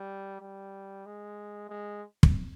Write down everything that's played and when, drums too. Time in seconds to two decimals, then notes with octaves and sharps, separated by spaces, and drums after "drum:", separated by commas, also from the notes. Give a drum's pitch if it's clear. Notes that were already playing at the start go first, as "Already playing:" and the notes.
Already playing: G3
0.41 G3
1.06 G#3
1.69 G#3
2.23 drum: kick